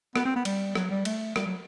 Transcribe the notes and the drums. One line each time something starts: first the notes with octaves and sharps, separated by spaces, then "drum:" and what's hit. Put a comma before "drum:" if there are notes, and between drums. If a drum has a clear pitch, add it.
B3, drum: rim click
C4
B3
G3, drum: cymbal
F#3, drum: rim click
G3
A3, drum: cymbal
G3, drum: rim click
F#3